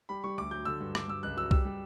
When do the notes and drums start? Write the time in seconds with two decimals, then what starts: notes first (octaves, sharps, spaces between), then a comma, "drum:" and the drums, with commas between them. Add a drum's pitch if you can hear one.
0.09 G3 B5
0.24 G3 C#6
0.38 D2 D6
0.51 F#3 G6
0.65 D3 E6
0.80 G2
0.95 F#3 D6, drum: rim click
1.08 G2 E6
1.23 C#2 F#6
1.37 F#3 E6
1.51 G3 E6, drum: kick C2
1.65 G3